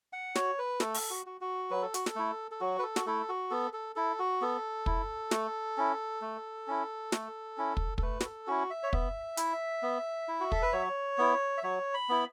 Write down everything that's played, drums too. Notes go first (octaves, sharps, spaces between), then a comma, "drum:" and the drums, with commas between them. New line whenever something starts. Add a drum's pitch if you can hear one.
F#5
F#4 C#5, drum: snare
B4
A3 A4, drum: snare
drum: open hi-hat
F#4
F#4
F#4
F#3 B4
A4
F#4, drum: hi-hat
A4, drum: snare
A3 E4
A4
F#3 F#4
B4
A4
F#4, drum: snare
A3 E4 A4
F#4
B3 A4
A4
E4 A4
F#4
B3 A4
E4, drum: kick
A3, drum: snare
C#4 E4
A3
C#4 E4
A3, drum: snare
C#4 E4
drum: kick
A4, drum: kick
A3 B4
F#4, drum: snare
A4
C#4 E4 F#4
E5
C#5
B3 E5, drum: kick
E4, drum: hi-hat
B3
E4
F#4
A4, drum: kick
B4
F#3 C#5
B3 E4
E5
F#3 C#5
B5
B3 E4